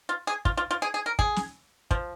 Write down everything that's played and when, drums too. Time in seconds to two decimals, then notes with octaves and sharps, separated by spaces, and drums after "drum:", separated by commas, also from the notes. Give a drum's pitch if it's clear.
0.09 F4
0.27 G#4
0.45 F4, drum: kick
0.57 F4
0.71 F4
0.82 G#4
0.94 G#4
1.06 A#4
1.19 G#4, drum: kick
1.36 drum: snare
1.91 F3, drum: kick